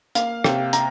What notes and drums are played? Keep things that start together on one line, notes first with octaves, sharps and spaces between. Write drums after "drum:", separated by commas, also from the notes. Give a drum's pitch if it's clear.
A#3 F5, drum: hi-hat
C3 G5, drum: rim click
A#5, drum: hi-hat